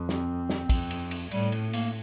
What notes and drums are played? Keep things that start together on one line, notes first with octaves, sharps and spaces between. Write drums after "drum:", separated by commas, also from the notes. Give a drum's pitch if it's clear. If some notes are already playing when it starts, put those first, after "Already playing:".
Already playing: F2
C4, drum: snare
drum: snare
F2, drum: kick, cymbal
drum: cymbal
drum: cymbal
A2 G3, drum: cymbal
drum: cymbal
A#3, drum: cymbal